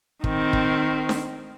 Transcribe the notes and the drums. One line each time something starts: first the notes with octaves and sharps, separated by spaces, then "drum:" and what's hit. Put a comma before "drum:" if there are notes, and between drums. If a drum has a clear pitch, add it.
D#3 C4, drum: kick
drum: kick
drum: snare D4